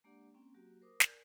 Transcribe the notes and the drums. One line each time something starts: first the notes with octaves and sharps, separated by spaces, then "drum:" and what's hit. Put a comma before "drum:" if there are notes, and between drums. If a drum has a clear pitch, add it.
G#3 A#3 D4 G4 D5 F#5
A#3 C4 C#4 G5
F#3 A#3 F#4 G4
A#4 C5 D6 D#6
A#4 D5 G#5, drum: snare